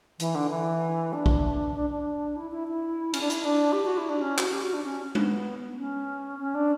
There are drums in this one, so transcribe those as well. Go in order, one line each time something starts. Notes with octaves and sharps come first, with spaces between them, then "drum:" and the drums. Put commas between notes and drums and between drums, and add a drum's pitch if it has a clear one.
E3, drum: hi-hat
D3
E3
D4
drum: kick
D4
D4
E4
E4
E4
C#4, drum: cymbal
D4
E4, drum: hi-hat
D4
G4
F#4
E4
D4
C#4
F#4, drum: clap
G4
F#4
D4
C#4
B3, drum: tom G#3
C#4
C#4
D4